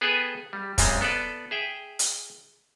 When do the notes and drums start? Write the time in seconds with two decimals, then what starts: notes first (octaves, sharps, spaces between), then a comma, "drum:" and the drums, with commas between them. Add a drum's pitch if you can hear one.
0.01 B3 G#4 A4 B4 G5 G#5
0.53 G3
0.78 F#2 A#2 G3 G#3 C4, drum: kick, hi-hat
1.01 B3 A4 B4 D5
1.51 G#4 E5 G5
1.99 drum: hi-hat